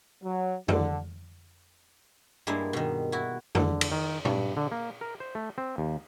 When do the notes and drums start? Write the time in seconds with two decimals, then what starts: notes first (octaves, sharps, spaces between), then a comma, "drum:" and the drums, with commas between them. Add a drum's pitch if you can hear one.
0.23 F#3
0.68 D3, drum: tom F2
2.47 G2 G#3 A#3 E4
2.73 B2 D#3
3.12 E4 F#4
3.55 D3, drum: tom F2
3.81 drum: cymbal
3.92 D#3
4.25 G2, drum: tom A#2
4.57 D3
4.72 A#3
5.01 A#4
5.20 C5
5.35 A3
5.58 C4
5.78 D#2